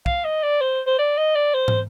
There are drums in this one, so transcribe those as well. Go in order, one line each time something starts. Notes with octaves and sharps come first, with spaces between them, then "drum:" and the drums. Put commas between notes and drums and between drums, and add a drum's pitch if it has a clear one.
F5, drum: kick
D#5
D5
C5
C5
D5
D#5
D5
C5
drum: tom